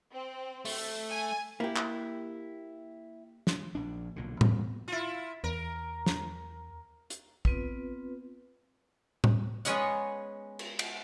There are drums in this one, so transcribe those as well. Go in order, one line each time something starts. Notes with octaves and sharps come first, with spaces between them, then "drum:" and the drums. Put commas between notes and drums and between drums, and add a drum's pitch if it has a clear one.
C4
A3, drum: open hi-hat
G#5
A#3 E4 G4
drum: clap
drum: snare
A#1 D4
B1 A#2 D3
E2 B2 A#3 C4, drum: tom A2
E4 F4
E2 A#4
drum: snare
drum: hi-hat
B3 C4 F4 B4, drum: kick
drum: tom A2
G#3 B3 C#4 C#5 D#5 F#5, drum: hi-hat
drum: cymbal
drum: cymbal